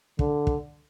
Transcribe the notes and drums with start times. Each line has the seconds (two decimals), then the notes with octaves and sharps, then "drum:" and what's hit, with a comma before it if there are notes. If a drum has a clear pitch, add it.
0.19 D3, drum: kick
0.47 drum: kick